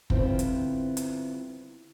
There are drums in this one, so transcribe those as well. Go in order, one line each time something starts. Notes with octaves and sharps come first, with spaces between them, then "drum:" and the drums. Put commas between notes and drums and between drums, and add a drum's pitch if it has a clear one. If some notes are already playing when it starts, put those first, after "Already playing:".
D3 G3 B3 C4 E4 F4, drum: kick F#1
drum: hi-hat
drum: hi-hat